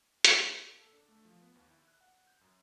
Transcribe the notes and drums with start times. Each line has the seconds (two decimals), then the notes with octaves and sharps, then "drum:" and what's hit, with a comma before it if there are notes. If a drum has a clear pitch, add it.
0.25 drum: hi-hat
0.64 A#3
0.79 A4
0.93 D4
1.09 A3
1.25 F3
1.41 B3
1.56 D#2
1.70 E4
1.88 F#6
2.01 F#5
2.27 G6
2.41 F#2